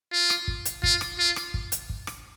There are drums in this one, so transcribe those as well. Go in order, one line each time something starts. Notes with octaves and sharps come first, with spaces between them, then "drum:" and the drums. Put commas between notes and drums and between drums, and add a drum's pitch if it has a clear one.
F4
drum: rim click
drum: kick
drum: hi-hat
F4, drum: kick
drum: rim click
F4
drum: rim click
drum: kick
drum: hi-hat
drum: kick
drum: rim click